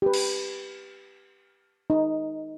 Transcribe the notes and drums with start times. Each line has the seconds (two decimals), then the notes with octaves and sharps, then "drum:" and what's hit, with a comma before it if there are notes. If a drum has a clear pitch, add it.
0.02 G4 B4
0.14 drum: cymbal
1.90 D#4